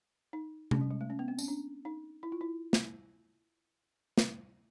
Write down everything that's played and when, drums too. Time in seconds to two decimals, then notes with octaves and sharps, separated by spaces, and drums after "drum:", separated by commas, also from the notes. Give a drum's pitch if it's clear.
0.33 D#4
0.71 C#4, drum: tom C3
0.81 G3
0.91 G#3
1.01 A3
1.10 C#4
1.19 B3
1.28 C4
1.39 C#4, drum: tambourine
1.48 D4
1.85 D#4
2.23 E4
2.32 F4
2.41 E4
2.73 drum: snare
4.18 drum: snare